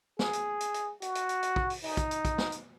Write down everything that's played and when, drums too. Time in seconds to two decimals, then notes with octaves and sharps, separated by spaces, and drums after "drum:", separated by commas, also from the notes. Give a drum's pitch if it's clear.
0.19 G#4, drum: snare
0.33 drum: hi-hat
0.60 drum: hi-hat
0.74 drum: hi-hat
1.02 F#4, drum: hi-hat
1.15 drum: hi-hat
1.29 drum: hi-hat
1.43 drum: hi-hat
1.56 drum: kick
1.70 drum: open hi-hat
1.84 D#4, drum: open hi-hat
1.97 drum: kick, hi-hat
2.11 drum: hi-hat
2.25 drum: kick, hi-hat
2.38 drum: snare
2.52 drum: hi-hat